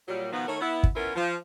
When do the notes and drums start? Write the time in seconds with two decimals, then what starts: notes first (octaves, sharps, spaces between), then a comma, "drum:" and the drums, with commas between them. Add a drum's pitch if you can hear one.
0.08 A#2 F#3 G3
0.33 B2 D#3 F3 B3
0.47 D#3 A3 A#4 C#5
0.61 B3 E4
0.83 drum: kick
0.95 B3 C#4 E4 F4 A#4 B4
1.16 F3